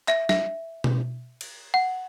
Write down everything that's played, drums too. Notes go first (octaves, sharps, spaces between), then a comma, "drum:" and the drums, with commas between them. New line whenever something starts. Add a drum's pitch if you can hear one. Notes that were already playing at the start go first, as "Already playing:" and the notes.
E5, drum: clap
E5, drum: snare
drum: tom B2
drum: cymbal
F#5